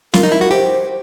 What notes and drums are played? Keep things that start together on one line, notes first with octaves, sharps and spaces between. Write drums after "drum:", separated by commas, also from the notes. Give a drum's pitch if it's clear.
F4 A#4, drum: snare
D#4
E4
F#4
G4 C5